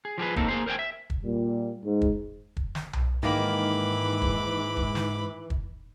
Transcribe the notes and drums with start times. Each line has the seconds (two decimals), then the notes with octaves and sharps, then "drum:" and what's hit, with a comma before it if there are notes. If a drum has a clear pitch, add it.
0.05 G#4
0.18 F3 G4 G#4 B4
0.36 A#3 C4 D#4 A4, drum: kick
0.48 A#3 G#4 C5
0.66 A#4 C5 C#5 G5 G#5
0.79 E5
1.10 drum: kick
1.24 A#2 G3
1.84 G#2
2.02 drum: kick
2.57 drum: kick
2.75 drum: snare
2.93 drum: tom B1
3.23 G#2 D#3 E3 A#3 B5 D6
4.22 drum: kick
4.77 drum: kick
4.95 drum: snare
5.50 drum: kick